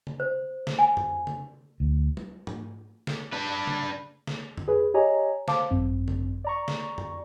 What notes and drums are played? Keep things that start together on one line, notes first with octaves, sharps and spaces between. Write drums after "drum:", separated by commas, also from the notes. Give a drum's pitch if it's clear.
drum: tom C#3
C5
drum: snare
G#5
drum: tom F2
drum: tom C#3
D2
drum: tom
drum: tom
drum: snare
D4 B4
drum: tom C#3
drum: snare
drum: tom F2
G#4 B4
G4 C#5 D#5 G#5 A#5
C5 F5 A5 D6, drum: snare
G#1 F#2 C4
drum: tom C#3
D5 A#5 C#6
drum: snare
drum: tom F2